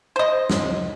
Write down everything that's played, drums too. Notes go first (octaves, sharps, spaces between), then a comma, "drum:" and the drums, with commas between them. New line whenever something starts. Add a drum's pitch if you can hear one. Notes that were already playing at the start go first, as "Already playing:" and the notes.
C5 D#5
drum: snare